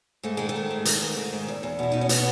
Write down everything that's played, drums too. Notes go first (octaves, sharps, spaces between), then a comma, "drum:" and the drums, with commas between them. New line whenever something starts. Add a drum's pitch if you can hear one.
G#2 A3
D#3 G#3
A3
G#2
G#2
D#3, drum: hi-hat
G#2
D#3
G#2
E2
E2
B2 E4
B2 D#4
C#4
B2 B3, drum: hi-hat